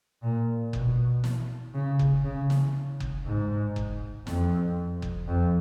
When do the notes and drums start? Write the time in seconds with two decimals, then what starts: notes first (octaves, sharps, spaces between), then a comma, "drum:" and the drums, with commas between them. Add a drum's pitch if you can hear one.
0.23 A#2
0.73 B2, drum: kick F#1
1.24 drum: snare
1.75 C#3
1.99 drum: kick F#1
2.24 C#3
2.50 drum: snare
3.00 drum: kick F#1
3.25 G#2
3.76 drum: kick F#1
4.27 F2, drum: snare
5.02 drum: kick F#1
5.28 F2